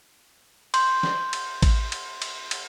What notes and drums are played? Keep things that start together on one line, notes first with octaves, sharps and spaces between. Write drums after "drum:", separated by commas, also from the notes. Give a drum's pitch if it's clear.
C6 G6, drum: cymbal
drum: snare
drum: cymbal
drum: kick A1, cymbal
drum: cymbal
drum: cymbal
drum: cymbal